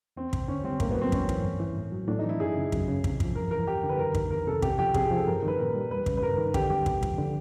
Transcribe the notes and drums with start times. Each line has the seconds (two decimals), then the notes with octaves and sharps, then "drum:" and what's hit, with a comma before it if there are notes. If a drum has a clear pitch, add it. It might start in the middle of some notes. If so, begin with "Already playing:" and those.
0.17 E2 C4
0.33 C3, drum: kick
0.48 D3 C#4
0.64 G3 C4
0.80 A2 A#3, drum: kick
0.91 F#3 B3
1.01 C4
1.12 G#2 C#4, drum: kick
1.29 E3, drum: kick
1.44 G2
1.60 E3
1.77 A2
1.92 F#3
2.08 A2 D4
2.19 E3 D#4
2.29 E4
2.39 F#2 G#4
2.56 C#3
2.72 F#2, drum: kick
2.88 C#3
3.04 C3, drum: kick
3.20 F3, drum: kick
3.35 G2 A#4
3.51 E3 A#4
3.67 F2 G4
3.84 D3
3.89 B4
3.99 F#2 A#4
4.15 D#3, drum: kick
4.31 F2 A#4
4.47 C3 A4
4.62 C3 G4, drum: kick
4.79 F3 G4
4.94 C3 G#4, drum: kick
5.06 F3 G#4
5.16 A4
5.27 G2 A#4
5.43 D#3 B4
5.58 A#2 A#4
5.74 G3
5.90 E2 B4
6.06 C#3, drum: kick
6.17 B4
6.22 G2 A#4
6.38 D#3
6.54 D3 G4, drum: kick
6.70 G3 G4
6.86 C3, drum: kick
7.03 F3, drum: kick
7.18 D3